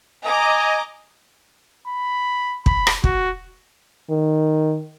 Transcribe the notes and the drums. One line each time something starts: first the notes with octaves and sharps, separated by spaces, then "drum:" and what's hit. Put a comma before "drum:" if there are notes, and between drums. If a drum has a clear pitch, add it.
D#5 G#5 A#5 D6
B5
B5, drum: kick
drum: rim click
F#4, drum: kick
D#3